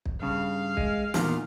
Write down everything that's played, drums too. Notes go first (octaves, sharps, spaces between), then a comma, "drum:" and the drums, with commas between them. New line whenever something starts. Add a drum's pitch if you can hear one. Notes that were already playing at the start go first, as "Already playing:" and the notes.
drum: kick
G2 C#3 F5
G#3, drum: kick
E2 A#2 D#3, drum: snare